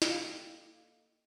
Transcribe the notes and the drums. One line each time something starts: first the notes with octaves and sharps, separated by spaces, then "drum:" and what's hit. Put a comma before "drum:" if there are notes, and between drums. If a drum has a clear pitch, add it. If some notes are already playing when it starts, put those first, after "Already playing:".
A#3 A4 D#5 F5 G5, drum: snare